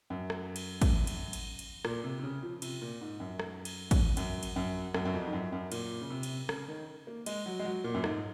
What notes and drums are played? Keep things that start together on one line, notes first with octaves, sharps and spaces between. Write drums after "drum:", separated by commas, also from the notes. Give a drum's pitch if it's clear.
F#2
drum: rim click
drum: cymbal
drum: kick, cymbal
drum: cymbal
drum: cymbal
drum: cymbal
A#2, drum: rim click
C3
C3
C#3
F3
C3, drum: cymbal
A#2
G#2
F#2
drum: rim click
drum: cymbal
drum: kick, cymbal
F#2, drum: cymbal
drum: cymbal
F#2
F#2, drum: rim click
F#2
F2
G#2
F#2
F#2
A#2, drum: cymbal
C#3
C3
drum: cymbal
C#3, drum: rim click
D#3
A#3
G#3, drum: cymbal
F#3
G#3
F#3
A#2
F#2
G#2, drum: rim click